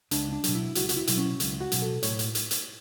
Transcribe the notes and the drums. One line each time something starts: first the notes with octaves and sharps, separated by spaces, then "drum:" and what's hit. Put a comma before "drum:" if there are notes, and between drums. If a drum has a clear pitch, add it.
C#2 D4, drum: hi-hat
D4
B2 F#3, drum: hi-hat
E4
C#2 F#4, drum: hi-hat
F#4, drum: hi-hat
E4
B2 F#3, drum: hi-hat
C#4
C#2, drum: hi-hat
F#4
B2 F#3, drum: hi-hat
A4
A2 C#5, drum: hi-hat
drum: hi-hat
drum: hi-hat
drum: hi-hat